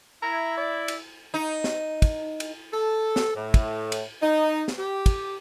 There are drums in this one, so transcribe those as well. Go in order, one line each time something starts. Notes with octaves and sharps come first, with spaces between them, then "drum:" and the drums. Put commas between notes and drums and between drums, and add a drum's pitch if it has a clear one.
E4 A#5
D5
drum: cymbal
D#4
drum: snare
drum: kick, cymbal
drum: cymbal
A4
drum: snare
A2
drum: kick, cymbal
drum: cymbal
D#4
drum: snare
G4
drum: kick, cymbal